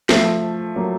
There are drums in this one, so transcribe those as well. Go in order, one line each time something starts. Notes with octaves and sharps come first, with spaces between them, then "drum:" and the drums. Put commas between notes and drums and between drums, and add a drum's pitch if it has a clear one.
F3 A3, drum: snare
F#3 A#3